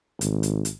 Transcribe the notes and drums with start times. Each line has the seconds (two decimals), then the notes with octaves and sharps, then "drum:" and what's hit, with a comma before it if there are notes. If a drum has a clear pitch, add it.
0.21 G#1, drum: hi-hat
0.43 drum: hi-hat
0.65 drum: hi-hat